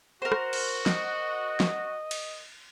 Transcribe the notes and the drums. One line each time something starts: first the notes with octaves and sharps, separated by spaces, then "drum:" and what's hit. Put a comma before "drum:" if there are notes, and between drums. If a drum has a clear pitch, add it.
F#4 A#4 C5
drum: rim click
drum: cymbal
D#5, drum: snare
drum: snare
drum: cymbal